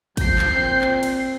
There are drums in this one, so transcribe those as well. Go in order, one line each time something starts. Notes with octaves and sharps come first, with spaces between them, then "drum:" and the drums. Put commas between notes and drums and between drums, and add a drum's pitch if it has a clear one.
F3 G6 C7, drum: kick, cymbal
drum: clap
A#2 C4
drum: clap
drum: cymbal